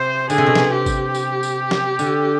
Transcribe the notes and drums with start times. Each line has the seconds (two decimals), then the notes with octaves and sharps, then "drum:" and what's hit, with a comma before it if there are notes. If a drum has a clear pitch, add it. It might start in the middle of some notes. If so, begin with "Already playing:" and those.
Already playing: C3 C5
0.30 D3 G#4, drum: tambourine
0.38 C3
0.46 B2
0.55 C3, drum: snare
0.72 G4
0.86 drum: kick, tambourine
1.15 drum: tambourine
1.43 drum: tambourine
1.71 drum: snare
1.99 D3, drum: tambourine